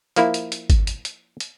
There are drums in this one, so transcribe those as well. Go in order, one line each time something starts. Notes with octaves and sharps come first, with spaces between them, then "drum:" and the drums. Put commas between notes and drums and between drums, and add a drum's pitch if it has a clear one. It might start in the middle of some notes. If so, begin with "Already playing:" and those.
F3 A#3 E4, drum: hi-hat
drum: hi-hat
drum: hi-hat
drum: kick G1, hi-hat
drum: hi-hat
drum: hi-hat
drum: hi-hat